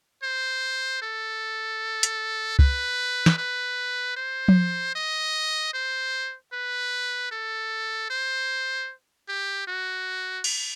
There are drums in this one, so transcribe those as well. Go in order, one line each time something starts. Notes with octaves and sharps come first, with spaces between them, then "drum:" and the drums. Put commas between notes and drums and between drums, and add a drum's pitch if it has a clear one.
C5
A4
drum: hi-hat
B4, drum: kick
drum: snare
B4
C5
drum: tom F3
D#5
C5
B4
A4
C5
G4
F#4
drum: cymbal